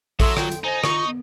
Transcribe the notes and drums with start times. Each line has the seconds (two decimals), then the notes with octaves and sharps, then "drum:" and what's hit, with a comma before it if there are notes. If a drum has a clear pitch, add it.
0.20 F#3 A4 E5 A5 C6, drum: kick A#1, open hi-hat
0.37 F4 G5, drum: rim click
0.52 drum: hi-hat
0.64 D#4 C5 D#5 G#5
0.84 F4 C#6, drum: rim click
1.07 B3